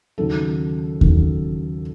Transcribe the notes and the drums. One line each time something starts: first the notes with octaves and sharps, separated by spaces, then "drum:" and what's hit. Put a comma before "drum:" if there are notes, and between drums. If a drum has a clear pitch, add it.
D#2 C#3 F#3 A4
D#2 C#3 F#3, drum: kick D#2